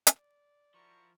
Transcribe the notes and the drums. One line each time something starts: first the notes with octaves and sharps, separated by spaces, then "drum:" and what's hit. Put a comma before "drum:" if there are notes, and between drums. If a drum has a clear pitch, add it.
drum: hi-hat
D5
F3 E4 F#4 A#4 C#6